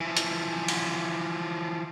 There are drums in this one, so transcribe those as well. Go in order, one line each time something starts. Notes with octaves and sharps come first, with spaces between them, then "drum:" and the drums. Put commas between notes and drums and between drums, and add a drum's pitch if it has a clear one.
E3 F3
drum: hi-hat
drum: cymbal